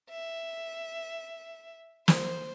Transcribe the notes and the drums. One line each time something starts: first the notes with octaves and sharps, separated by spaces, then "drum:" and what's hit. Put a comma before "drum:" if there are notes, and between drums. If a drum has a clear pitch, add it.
E5
C5, drum: snare